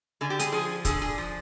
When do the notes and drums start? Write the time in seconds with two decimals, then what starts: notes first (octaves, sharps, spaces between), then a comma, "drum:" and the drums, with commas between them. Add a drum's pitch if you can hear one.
0.21 D3 G#4
0.30 G4
0.39 G#4, drum: hi-hat
0.52 F3 G#4
0.85 D3 G#4, drum: kick, hi-hat
1.02 G#4
1.18 F3